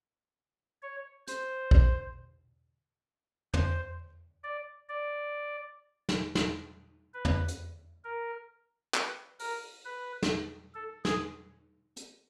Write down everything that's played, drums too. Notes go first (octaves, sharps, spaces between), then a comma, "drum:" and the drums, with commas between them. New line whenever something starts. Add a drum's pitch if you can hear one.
C#5
C5, drum: hi-hat
drum: kick A#1
C5, drum: tom
D5
D5
drum: snare
drum: snare
B4
drum: tom
drum: hi-hat
A#4
B4, drum: clap
A#4, drum: open hi-hat
B4
drum: snare
A4
G#4, drum: snare
drum: hi-hat